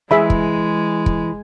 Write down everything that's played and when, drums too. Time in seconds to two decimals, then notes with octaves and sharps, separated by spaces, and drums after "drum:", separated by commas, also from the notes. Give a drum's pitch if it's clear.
0.11 E3 G#3 G#4 E5 B5
0.30 drum: kick
1.06 drum: kick